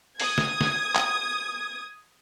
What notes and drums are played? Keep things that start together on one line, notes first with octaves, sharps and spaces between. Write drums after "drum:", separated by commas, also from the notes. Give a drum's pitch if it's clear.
D#6 G#6, drum: open hi-hat
drum: snare
drum: snare
drum: clap